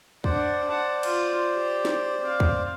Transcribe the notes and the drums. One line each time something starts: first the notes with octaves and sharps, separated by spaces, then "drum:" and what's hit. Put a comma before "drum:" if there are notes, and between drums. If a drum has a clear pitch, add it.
D4 C5 D5 F#5, drum: kick
F#5 A5
F4, drum: cymbal
G4
drum: snare
C4 F5
drum: kick